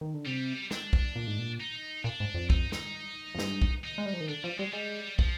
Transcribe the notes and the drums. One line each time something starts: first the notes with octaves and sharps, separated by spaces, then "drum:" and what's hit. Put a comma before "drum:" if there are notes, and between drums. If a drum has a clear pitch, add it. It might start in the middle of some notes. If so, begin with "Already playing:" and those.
D#3
D3
C3 G3
D4, drum: snare
drum: kick
A#2
G#2
A#2
D#4
A#2 D4
G#2
F2
D#4, drum: kick
D#4, drum: snare
F2
G2, drum: snare
drum: kick
D#4
G#3
G3
F3
D#3
D3 D4
F3 G3
G3 G#3
G3 G#3
F3, drum: kick